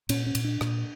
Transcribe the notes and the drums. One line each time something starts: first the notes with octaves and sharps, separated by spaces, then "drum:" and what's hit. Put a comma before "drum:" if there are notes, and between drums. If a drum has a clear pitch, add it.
A#2 C#4, drum: cymbal
C#4
A#2, drum: cymbal
D4
A#2, drum: rim click